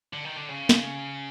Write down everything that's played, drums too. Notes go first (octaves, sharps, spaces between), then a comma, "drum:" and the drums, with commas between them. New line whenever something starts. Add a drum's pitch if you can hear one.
D3
D#3
D3
C#3
drum: snare